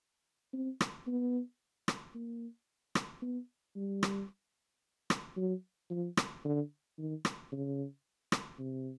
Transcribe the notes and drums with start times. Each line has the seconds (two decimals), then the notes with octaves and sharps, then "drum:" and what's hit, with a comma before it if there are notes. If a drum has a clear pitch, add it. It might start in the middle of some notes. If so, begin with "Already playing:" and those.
0.53 C4
0.81 drum: rim click
1.07 B3
1.88 drum: rim click
2.14 A#3
2.95 drum: rim click
3.22 B3
3.76 G3
4.03 drum: rim click
5.10 drum: rim click
5.37 F#3
5.90 F3
6.17 drum: rim click
6.45 D3
6.98 D#3
7.25 drum: rim click
7.52 C#3
8.32 drum: rim click
8.59 C3